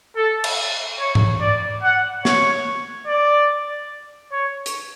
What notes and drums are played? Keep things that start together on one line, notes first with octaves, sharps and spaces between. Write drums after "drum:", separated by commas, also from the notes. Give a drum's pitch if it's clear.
A4
drum: cymbal
C#5
drum: tom G#2
D5
F#5
C#5, drum: snare
D5
C#5
drum: hi-hat